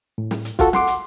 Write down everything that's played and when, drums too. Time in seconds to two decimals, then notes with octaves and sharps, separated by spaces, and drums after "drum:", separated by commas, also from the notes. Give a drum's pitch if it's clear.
0.18 A2
0.31 drum: snare
0.45 drum: hi-hat
0.59 F4 F#4 A4, drum: kick, hi-hat
0.73 F#5 C6 D6, drum: snare
0.87 drum: hi-hat